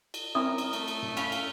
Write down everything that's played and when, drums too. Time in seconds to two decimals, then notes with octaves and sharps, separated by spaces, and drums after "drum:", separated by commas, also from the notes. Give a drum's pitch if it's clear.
0.14 drum: cymbal
0.35 C4 C#4 E4 A#4 D#6
0.58 drum: cymbal
0.73 A3, drum: cymbal
0.88 drum: cymbal
1.02 drum: tom G2
1.17 C#4 F5 B5, drum: cymbal
1.32 drum: cymbal